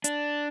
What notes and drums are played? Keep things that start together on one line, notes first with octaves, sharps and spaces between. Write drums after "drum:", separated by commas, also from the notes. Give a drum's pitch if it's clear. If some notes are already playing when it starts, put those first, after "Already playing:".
D4, drum: hi-hat